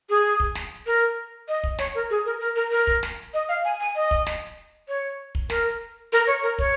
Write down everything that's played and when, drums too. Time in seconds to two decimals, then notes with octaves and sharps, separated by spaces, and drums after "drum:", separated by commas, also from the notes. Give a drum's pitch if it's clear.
0.10 G#4
0.40 drum: kick
0.55 drum: snare
0.87 A#4
1.48 D#5
1.64 drum: kick
1.79 C#5, drum: snare
1.95 A#4
2.10 G#4
2.26 A#4
2.40 A#4
2.56 A#4
2.71 A#4
2.87 drum: kick
3.03 drum: snare
3.34 D#5
3.49 F5
3.65 G#5
3.80 G#5
3.95 D#5
4.11 drum: kick
4.26 drum: snare
4.88 C#5
5.35 drum: kick
5.50 A#4, drum: snare
6.13 A#4
6.27 C#5
6.43 A#4
6.59 C#5, drum: kick